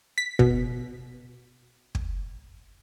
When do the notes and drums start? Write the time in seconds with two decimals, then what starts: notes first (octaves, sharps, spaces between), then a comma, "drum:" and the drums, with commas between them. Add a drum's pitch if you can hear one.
0.18 B6
0.39 B2, drum: kick
1.95 drum: kick